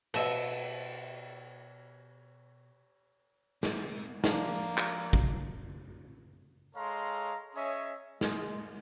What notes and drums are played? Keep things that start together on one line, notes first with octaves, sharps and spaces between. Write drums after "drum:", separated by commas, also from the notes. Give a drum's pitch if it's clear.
B2 E5, drum: cymbal
C4 E5, drum: snare
F3 A#3 D4, drum: snare
drum: clap
drum: kick
G#3 A4 C#5 F5 A#5 C6
C#4 G#4 C#5 D#5 E5
G#3, drum: snare